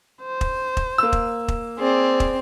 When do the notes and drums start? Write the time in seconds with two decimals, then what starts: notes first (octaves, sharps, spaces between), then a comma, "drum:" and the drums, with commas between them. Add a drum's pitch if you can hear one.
0.23 C5
0.41 drum: kick
0.77 drum: kick
0.98 A#3 E6
1.13 drum: kick
1.48 drum: kick
1.79 C4 G#4 D5
2.20 drum: kick